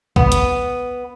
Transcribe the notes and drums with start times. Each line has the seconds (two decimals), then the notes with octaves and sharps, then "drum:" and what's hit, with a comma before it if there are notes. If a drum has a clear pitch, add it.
0.16 B3, drum: kick
0.32 drum: hi-hat